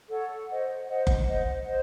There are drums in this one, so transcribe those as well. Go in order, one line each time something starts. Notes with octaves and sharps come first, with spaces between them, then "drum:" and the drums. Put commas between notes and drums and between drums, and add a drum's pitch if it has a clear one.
A4 C#5 F#5
C5 D#5 F#5
C5 D#5 F#5
drum: kick F#1
C5 D#5 F#5
C5 D#5